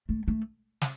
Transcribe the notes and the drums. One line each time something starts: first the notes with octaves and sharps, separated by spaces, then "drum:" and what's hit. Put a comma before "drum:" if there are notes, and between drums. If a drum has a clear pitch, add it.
A3
A3
drum: snare